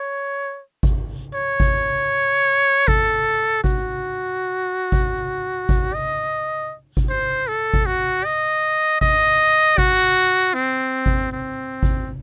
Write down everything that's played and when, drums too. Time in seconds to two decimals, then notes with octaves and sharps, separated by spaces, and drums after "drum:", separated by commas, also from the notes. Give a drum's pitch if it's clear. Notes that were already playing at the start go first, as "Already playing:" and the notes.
Already playing: C#5
0.83 drum: kick G#1
1.34 C#5
1.60 drum: kick G#1
2.88 A4, drum: kick G#1
3.64 F#4, drum: kick G#1
4.92 drum: kick G#1
5.69 drum: kick G#1
5.94 D#5
6.97 drum: kick G#1
7.09 C5
7.48 A4
7.74 drum: kick G#1
7.86 F#4
8.25 D#5
9.01 D#5, drum: kick G#1
9.78 F#4, drum: kick G#1
10.54 C4
11.06 drum: kick G#1
11.32 C4
11.83 drum: kick G#1